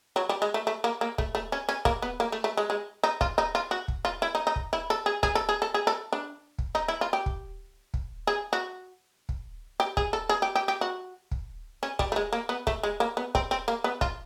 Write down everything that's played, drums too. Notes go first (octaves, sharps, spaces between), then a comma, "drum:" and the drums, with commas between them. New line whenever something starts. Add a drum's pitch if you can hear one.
F#3
G3
G#3
A3
A3
A#3
A#3
A3, drum: kick
A3
C#4
C#4
A#3, drum: kick
B3
A#3
A3
A3
G#3
G#3
D#4
F4, drum: kick
D#4
F4
F#4
drum: kick
F4
E4
D#4
D#4
drum: kick
E4
A4
G#4
G#4, drum: kick
A4
G#4
A4
G#4
A4
D4
drum: kick
D#4
E4
F4
G4
drum: kick
drum: kick
G#4
F#4
drum: kick
G4
G#4, drum: kick
A4
G#4
G4
G4
G4
F#4
drum: kick
C#4
G3, drum: kick
A3
G#3
A#3
B3
A3, drum: kick
G#3
A#3
B3
C4, drum: kick
C4
A#3
B3
F4, drum: kick